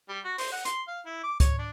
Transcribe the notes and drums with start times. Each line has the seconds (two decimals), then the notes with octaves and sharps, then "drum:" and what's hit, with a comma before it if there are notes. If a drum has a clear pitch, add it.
0.09 G3
0.25 F#4
0.38 C5, drum: open hi-hat
0.52 F#5
0.65 C6, drum: hi-hat
0.87 F5
1.05 E4
1.23 D6
1.40 C#5, drum: kick C#2, hi-hat
1.59 D4